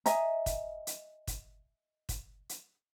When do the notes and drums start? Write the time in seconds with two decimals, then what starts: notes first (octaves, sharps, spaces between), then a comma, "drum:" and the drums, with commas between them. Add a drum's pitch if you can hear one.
0.06 D#5 E5 G#5 A#5, drum: hi-hat
0.46 drum: kick, hi-hat
0.87 drum: hi-hat
1.27 drum: kick, hi-hat
2.09 drum: kick, hi-hat
2.49 drum: hi-hat